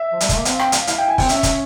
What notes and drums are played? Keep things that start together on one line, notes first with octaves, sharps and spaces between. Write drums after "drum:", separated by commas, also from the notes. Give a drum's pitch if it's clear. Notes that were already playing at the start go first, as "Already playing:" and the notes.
Already playing: E5
F3
G3, drum: hi-hat
G#3, drum: kick, hi-hat
A#3
C4 F5, drum: hi-hat
G5, drum: rim click
F5, drum: hi-hat
E4 F5, drum: hi-hat
G5
G#5
C4 G5, drum: kick, open hi-hat
C#4 E5, drum: hi-hat
drum: kick, hi-hat